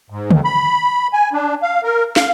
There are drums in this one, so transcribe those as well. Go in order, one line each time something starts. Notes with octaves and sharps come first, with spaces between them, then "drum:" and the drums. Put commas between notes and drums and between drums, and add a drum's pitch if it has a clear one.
G#2
D#2, drum: tom C#3
B5
G#5
D4
F5
A#4
F5, drum: snare